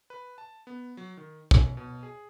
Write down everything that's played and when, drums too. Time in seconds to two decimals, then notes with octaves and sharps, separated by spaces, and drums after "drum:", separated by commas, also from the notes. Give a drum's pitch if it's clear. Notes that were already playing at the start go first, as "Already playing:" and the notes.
0.10 B4
0.38 A5
0.67 B3
0.97 F#3
1.17 D#3
1.51 F#2, drum: kick
1.77 B2
2.03 G#4